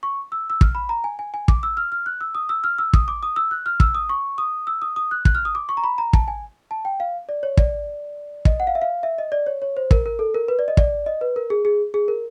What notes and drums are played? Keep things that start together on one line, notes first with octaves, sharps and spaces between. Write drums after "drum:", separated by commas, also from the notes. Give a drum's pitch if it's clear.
C#6
E6
E6
F6, drum: kick
B5
A#5
G#5
G#5
G#5
D6, drum: kick
E6
F6
F6
F#6
E6
D#6
E6
F6
E6
D#6, drum: kick
D6
D#6
E6
F#6
F6
E6, drum: kick
D#6
C#6
D#6
E6
D#6
D#6
F#6
F#6, drum: kick
F6
D#6
D6
C#6
A#5
B5
A#5
A5, drum: kick
G#5
A5
G5
F5
D5
C#5
D5, drum: kick
D#5, drum: kick
F#5
F5
E5
F5
E5
D#5
D5
C#5
C#5
C5
A#4, drum: kick
A#4
A4
A#4
B4
D5
D#5
D5, drum: kick
D#5
B4
A#4
G#4
G#4
G#4
A#4